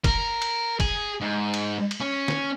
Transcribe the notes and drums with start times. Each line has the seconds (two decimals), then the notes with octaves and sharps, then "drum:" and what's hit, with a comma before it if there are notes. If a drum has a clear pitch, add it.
0.04 A#4, drum: kick, cymbal
0.42 drum: cymbal
0.80 G#4, drum: kick, cymbal
1.21 G#2
1.54 drum: cymbal
1.91 drum: cymbal
2.01 C#4
2.28 drum: snare